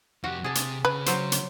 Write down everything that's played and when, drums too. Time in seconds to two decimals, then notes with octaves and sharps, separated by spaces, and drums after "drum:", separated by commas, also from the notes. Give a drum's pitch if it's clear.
0.24 F2 F#4 G4
0.44 C3 G#4 A5
0.55 drum: hi-hat
0.85 C#3 B4
1.06 F#3 C5, drum: hi-hat
1.32 drum: hi-hat